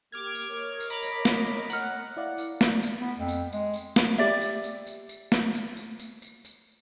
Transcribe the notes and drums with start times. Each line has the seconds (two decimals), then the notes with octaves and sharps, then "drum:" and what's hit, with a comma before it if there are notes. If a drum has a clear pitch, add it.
0.12 A#3 G4 D6 F6 G#6
0.35 drum: tambourine
0.51 A#4 C#5 D#5
0.80 drum: tambourine
0.90 A#5 B5 D6
1.03 drum: tambourine
1.25 drum: snare
1.70 F#5 A#5 F6, drum: tambourine
2.17 E4 D5 F5
2.38 drum: tambourine
2.61 drum: snare
2.83 drum: tambourine
3.00 B3
3.19 F2
3.29 drum: tambourine
3.53 G#3, drum: tambourine
3.74 drum: tambourine
3.96 drum: snare
4.18 G4 D5 E5
4.41 drum: tambourine
4.64 drum: tambourine
4.87 drum: tambourine
5.09 drum: tambourine
5.32 drum: snare
5.54 drum: tambourine
5.77 drum: tambourine
6.00 drum: tambourine
6.22 drum: tambourine
6.45 drum: tambourine